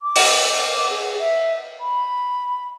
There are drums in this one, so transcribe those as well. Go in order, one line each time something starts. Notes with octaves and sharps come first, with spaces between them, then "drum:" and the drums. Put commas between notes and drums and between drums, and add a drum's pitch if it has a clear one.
D6
drum: open hi-hat
G#4
E5
B5